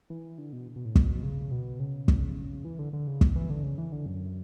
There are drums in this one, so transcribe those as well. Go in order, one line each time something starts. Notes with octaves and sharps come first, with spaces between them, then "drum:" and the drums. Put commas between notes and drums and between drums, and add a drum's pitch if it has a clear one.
E3
D3
B2
B2
A2
B2, drum: kick
C#3
B2
C#3
drum: kick
E3
D3
D3
C#3
drum: kick
E3
D3
C#3
E3
D3
F#2